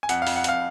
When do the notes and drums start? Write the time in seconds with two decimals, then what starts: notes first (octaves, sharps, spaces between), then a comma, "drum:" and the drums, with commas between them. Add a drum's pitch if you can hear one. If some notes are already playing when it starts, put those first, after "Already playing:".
0.03 G#5
0.09 F2 F#5, drum: hi-hat
0.22 F5
0.27 F2, drum: open hi-hat
0.36 F#5
0.44 F2 F5, drum: hi-hat